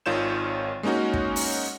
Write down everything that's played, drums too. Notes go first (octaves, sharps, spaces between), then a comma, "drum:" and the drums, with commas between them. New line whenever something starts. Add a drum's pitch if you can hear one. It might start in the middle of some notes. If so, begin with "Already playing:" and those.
G#1 D#3 F4 C#5 G6 E7
G#3 A#3 C#4 D#4 F#4
drum: kick
drum: open hi-hat